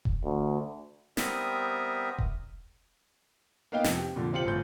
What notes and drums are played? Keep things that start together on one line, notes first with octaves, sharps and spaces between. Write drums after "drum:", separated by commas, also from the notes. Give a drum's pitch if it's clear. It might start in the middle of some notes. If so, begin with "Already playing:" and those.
drum: kick E1
D2
G3 B3 C4 A#4 E5 D#6, drum: snare
drum: kick E1
A#3 B3 D#4 F5 G5
F2 C3, drum: snare
G4
F2 A#2 D3
C3 C4 F4 G4 C#7 F#7
G1 A2 F4 G6